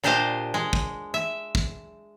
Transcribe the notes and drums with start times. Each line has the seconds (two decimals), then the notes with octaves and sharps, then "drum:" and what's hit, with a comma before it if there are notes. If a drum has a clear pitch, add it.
0.03 A#2 D4 G4 C5 D#5 F5
0.54 G#3
0.73 drum: kick
1.14 E5
1.55 drum: kick